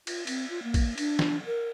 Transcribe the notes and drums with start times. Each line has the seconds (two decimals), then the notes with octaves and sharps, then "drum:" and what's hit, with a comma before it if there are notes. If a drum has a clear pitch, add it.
0.07 F4, drum: cymbal
0.27 C4, drum: cymbal
0.50 F4
0.63 A#3
0.74 drum: kick, cymbal
0.98 D4, drum: cymbal
1.19 drum: snare
1.46 A#4